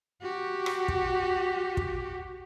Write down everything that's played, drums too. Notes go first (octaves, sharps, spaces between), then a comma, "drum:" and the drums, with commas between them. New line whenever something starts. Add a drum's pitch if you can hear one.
F#4 G4
drum: rim click
drum: kick
drum: kick